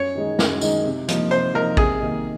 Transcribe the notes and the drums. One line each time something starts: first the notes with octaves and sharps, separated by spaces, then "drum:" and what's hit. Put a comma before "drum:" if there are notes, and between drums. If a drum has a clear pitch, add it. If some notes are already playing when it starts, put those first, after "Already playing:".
Already playing: F#2 C#5
D#3 G#3 D#4
F#2, drum: snare
D#3 G#3 D#4, drum: tambourine
C3
F3 A#3 D#4, drum: hi-hat
C3 C5
F3 A#3 D#4 A#4
C3 G#4, drum: kick A1
D#3 A#3 D#4